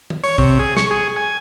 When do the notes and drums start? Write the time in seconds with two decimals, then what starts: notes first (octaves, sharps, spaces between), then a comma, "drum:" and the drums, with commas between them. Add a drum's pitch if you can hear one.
0.10 drum: tom
0.24 C#5, drum: open hi-hat
0.38 C3, drum: kick B1
0.59 G#4
0.77 C#6, drum: snare
0.91 G#4
1.16 G#5